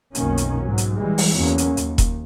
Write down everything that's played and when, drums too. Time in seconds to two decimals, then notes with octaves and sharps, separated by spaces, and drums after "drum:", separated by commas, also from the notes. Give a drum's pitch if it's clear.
0.15 B1 F2 D#3 A#3 C#4, drum: hi-hat
0.37 drum: hi-hat
0.63 G#2 F#3
0.78 drum: hi-hat
0.98 E3 G3 G#3
1.18 drum: open hi-hat
1.34 E2 F#3 A#3 C#4
1.58 drum: hi-hat
1.77 D#2, drum: hi-hat
1.98 drum: kick E1, hi-hat